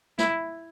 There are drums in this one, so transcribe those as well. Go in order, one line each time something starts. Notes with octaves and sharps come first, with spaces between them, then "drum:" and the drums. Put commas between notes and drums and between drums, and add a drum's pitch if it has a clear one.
E4, drum: snare